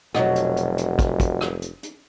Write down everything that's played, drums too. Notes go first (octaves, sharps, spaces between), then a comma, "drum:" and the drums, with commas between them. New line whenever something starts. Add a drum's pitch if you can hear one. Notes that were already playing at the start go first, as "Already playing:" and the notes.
F1 B2 F#3, drum: rim click
drum: hi-hat
drum: hi-hat
drum: hi-hat
drum: kick, hi-hat
drum: kick, hi-hat
drum: rim click
drum: hi-hat
drum: hi-hat